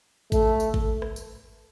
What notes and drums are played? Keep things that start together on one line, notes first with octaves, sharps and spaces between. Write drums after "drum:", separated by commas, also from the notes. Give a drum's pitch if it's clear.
A3, drum: kick G#1, tambourine
drum: tambourine
drum: kick G#1
drum: rim click
drum: tambourine